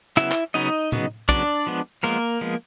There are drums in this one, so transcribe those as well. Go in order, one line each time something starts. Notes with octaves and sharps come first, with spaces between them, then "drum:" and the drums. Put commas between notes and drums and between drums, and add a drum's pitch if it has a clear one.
C#3 F#3 B3 E4 E5, drum: clap
drum: clap
C#3 F#3 B3 D#4 D#5
C#3 F#3 B3, drum: tom A2
C#3 F#3 B3 D4 D5, drum: kick
F3 G#3 B3
F3 G#3 A#3 B3 A#4
F3 G#3 B3